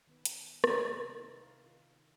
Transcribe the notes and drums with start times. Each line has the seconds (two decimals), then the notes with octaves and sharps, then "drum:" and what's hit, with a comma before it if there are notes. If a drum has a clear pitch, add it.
0.07 D#3 B3 B4
0.25 drum: hi-hat
0.64 C3 D#3 F4 C5, drum: rim click
1.00 C3
1.15 D#4 E4 A4 B4
1.43 F5
1.65 D#3 F4